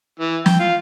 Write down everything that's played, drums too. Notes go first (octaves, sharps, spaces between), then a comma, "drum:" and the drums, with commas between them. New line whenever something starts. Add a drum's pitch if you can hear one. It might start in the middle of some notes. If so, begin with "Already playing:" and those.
E3
G5, drum: snare
F4